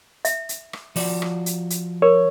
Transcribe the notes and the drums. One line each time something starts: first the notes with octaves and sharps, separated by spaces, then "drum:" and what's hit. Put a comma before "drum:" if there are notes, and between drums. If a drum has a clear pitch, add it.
E5, drum: hi-hat
drum: hi-hat
drum: rim click
F3 F#4 D5, drum: open hi-hat
drum: rim click
drum: hi-hat
drum: hi-hat
A#4 C#5